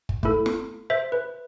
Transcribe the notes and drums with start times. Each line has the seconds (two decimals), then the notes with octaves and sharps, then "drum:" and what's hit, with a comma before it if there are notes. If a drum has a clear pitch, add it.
0.09 drum: kick
0.23 A3 E4 A4, drum: kick
0.46 drum: snare
0.90 C5 E5
1.12 B4